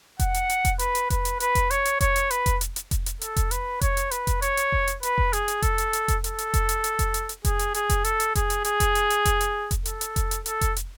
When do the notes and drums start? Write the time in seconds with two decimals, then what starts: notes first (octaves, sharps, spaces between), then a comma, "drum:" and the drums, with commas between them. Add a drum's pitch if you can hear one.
0.19 F#5, drum: kick F1, hi-hat
0.34 drum: hi-hat
0.50 drum: hi-hat
0.65 drum: kick F1, hi-hat
0.79 B4, drum: hi-hat
0.95 drum: hi-hat
1.10 B4, drum: kick F1, hi-hat
1.25 drum: hi-hat
1.40 B4, drum: hi-hat
1.55 drum: kick F1, hi-hat
1.71 C#5, drum: hi-hat
1.85 drum: hi-hat
2.01 C#5, drum: kick F1, hi-hat
2.16 drum: hi-hat
2.31 B4, drum: hi-hat
2.46 drum: kick F1, hi-hat
2.61 drum: hi-hat
2.76 drum: hi-hat
2.91 drum: kick F1, hi-hat
3.06 drum: hi-hat
3.21 A4, drum: hi-hat
3.36 drum: kick F1, hi-hat
3.51 B4, drum: hi-hat
3.81 C#5, drum: kick F1, hi-hat
3.97 drum: hi-hat
4.11 B4, drum: hi-hat
4.27 drum: kick F1, hi-hat
4.42 C#5, drum: hi-hat
4.57 drum: hi-hat
4.72 drum: kick F1
4.87 drum: hi-hat
5.03 B4, drum: hi-hat
5.18 drum: kick F1
5.33 G#4, drum: hi-hat
5.48 drum: hi-hat
5.62 A4, drum: kick F1, hi-hat
5.78 drum: hi-hat
5.93 drum: hi-hat
6.08 drum: kick F1, hi-hat
6.24 A4, drum: hi-hat
6.39 drum: hi-hat
6.54 drum: kick F1, hi-hat
6.69 drum: hi-hat
6.84 drum: hi-hat
6.99 drum: kick F1, hi-hat
7.14 drum: hi-hat
7.29 drum: hi-hat
7.45 G#4, drum: kick F1, hi-hat
7.59 drum: hi-hat
7.74 G#4, drum: hi-hat
7.90 drum: kick F1, hi-hat
8.04 A4, drum: hi-hat
8.20 drum: hi-hat
8.35 G#4, drum: kick F1, hi-hat
8.50 drum: hi-hat
8.65 G#4, drum: hi-hat
8.80 drum: kick F1, hi-hat
8.95 drum: hi-hat
9.10 drum: hi-hat
9.25 drum: kick F1, hi-hat
9.41 drum: hi-hat
9.71 drum: kick F1, hi-hat
9.85 A4, drum: hi-hat
10.01 drum: hi-hat
10.16 drum: kick F1, hi-hat
10.31 drum: hi-hat
10.46 A4, drum: hi-hat
10.61 drum: kick F1, hi-hat
10.76 drum: hi-hat